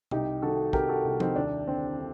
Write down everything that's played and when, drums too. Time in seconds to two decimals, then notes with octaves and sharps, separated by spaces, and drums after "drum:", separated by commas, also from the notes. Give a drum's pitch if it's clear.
0.11 C2 D#4 G4, drum: tom B2
0.42 D#3 F#4 A4
0.73 C3 G4 A#4, drum: kick
0.89 F#4 A4
1.05 C2
1.20 C4 D#4, drum: tom F3
1.36 D#2 D4
1.67 D3 C4
1.98 D3